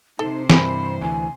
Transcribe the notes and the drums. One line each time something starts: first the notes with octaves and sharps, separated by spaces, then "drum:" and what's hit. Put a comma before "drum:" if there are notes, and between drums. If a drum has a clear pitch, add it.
C3 D#4 A4 C5
G2 E3 G#4 A#4 B5, drum: snare
D2 E3 G#5